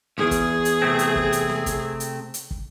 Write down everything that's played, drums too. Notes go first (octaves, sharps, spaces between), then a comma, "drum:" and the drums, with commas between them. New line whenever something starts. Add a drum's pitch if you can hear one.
B1 E2 G#4
drum: kick, hi-hat
drum: hi-hat
C3 A3 C4
drum: hi-hat
drum: kick
drum: hi-hat
drum: snare
drum: kick, hi-hat
drum: hi-hat
drum: hi-hat
drum: kick